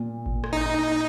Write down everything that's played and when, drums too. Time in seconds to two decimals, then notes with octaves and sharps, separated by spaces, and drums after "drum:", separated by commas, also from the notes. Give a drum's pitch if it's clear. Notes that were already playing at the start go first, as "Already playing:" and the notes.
Already playing: A#2
0.26 drum: kick G#1
0.44 drum: rim click
0.53 D#4